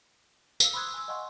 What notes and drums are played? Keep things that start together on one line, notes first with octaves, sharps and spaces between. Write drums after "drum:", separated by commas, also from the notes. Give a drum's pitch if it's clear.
C5 F5 E6, drum: tambourine
B5 C6 D#6 E6 F#6 G#6
G#5 C6 E6
D#5 F5 F#5 G#5 C6 C#6